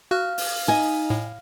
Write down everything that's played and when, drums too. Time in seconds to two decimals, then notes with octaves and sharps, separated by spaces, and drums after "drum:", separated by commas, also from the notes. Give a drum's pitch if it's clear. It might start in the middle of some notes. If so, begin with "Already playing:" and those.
0.11 F#4 F5 F6 F#6
0.38 drum: open hi-hat
0.68 D#4 D#5 G#5
1.10 A2